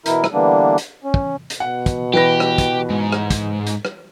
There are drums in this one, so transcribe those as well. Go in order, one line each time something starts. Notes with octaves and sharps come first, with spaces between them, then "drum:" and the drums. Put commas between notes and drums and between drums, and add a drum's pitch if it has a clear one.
B2 E3 E4 A#4, drum: hi-hat
drum: rim click
D3 E3 G3 A#3 B3 D4
drum: hi-hat
C#4
drum: kick
drum: hi-hat
B2 F#5
drum: kick, hi-hat
E3 G4 B4 A#6
drum: rim click
drum: kick, hi-hat
G#2
drum: rim click
drum: kick, hi-hat
drum: hi-hat
drum: rim click